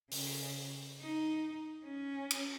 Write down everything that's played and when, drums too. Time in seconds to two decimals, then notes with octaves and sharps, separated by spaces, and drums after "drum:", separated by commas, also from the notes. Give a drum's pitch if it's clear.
0.11 C#3, drum: open hi-hat
1.01 D#4
1.86 C#4
2.31 drum: cymbal